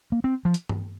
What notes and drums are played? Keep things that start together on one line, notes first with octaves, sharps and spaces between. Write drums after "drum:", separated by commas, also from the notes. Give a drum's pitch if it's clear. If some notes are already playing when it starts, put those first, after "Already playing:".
A#3
C4
F3
drum: hi-hat
drum: tom G2